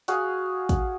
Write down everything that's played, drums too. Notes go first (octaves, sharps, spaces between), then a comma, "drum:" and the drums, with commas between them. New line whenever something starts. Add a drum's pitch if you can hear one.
F#4 G#4 F5, drum: hi-hat
drum: kick, hi-hat